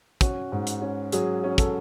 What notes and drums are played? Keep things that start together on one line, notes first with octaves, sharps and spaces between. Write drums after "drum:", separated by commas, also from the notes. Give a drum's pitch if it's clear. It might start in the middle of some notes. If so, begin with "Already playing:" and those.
C#4 F#4, drum: kick, hi-hat
G#2
drum: hi-hat
C#4
F#3 G#4, drum: hi-hat
C#4
A4, drum: kick, hi-hat